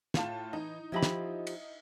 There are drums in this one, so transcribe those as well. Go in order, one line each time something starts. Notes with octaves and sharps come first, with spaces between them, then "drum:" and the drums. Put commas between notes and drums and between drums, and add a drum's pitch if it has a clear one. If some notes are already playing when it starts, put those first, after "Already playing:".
A2 F4 A5, drum: snare
E3 D#4
F3 E4 F4 G4 D#5 B5
drum: snare
drum: cymbal